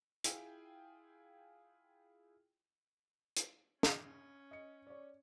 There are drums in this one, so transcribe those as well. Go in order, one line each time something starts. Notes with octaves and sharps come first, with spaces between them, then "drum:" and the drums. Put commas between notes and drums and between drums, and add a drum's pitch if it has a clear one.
E4 F4 G#4 G5 G#5 E6, drum: hi-hat
drum: hi-hat
C#4, drum: snare
D#5 C#7
C#5 D5